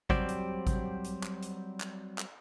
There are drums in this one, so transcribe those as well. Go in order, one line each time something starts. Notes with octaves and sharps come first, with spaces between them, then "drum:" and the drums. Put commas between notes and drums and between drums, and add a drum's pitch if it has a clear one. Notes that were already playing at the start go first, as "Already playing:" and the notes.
F#3 G3 C4 G4 C5 D5, drum: kick G#1
drum: hi-hat
drum: kick G#1, hi-hat
drum: hi-hat
drum: clap
drum: hi-hat
drum: clap
drum: clap